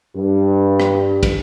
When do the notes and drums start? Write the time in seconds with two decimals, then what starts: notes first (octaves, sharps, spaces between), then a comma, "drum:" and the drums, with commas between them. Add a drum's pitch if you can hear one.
0.15 G2
0.80 drum: rim click
1.23 drum: kick, cymbal